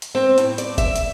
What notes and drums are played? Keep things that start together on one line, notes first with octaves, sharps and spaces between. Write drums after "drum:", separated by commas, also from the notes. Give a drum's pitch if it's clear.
drum: hi-hat
C4
A2, drum: hi-hat
D5, drum: hi-hat
E5, drum: kick F#1, hi-hat
drum: hi-hat